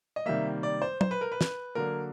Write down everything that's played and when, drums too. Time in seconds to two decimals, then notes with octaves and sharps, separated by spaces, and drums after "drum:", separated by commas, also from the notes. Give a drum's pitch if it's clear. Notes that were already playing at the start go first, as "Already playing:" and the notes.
0.16 D#5
0.26 C3 D#3 G3 A#3 E5
0.63 D5
0.82 C5
1.01 C5, drum: tom
1.11 B4
1.21 A#4
1.32 B4
1.41 drum: snare
1.75 D3 F#3 A#3 A#4